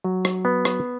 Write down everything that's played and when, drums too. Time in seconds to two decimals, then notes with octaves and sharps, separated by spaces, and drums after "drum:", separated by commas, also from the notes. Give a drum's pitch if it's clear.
0.04 F#3
0.25 drum: rim click
0.45 B3
0.65 drum: rim click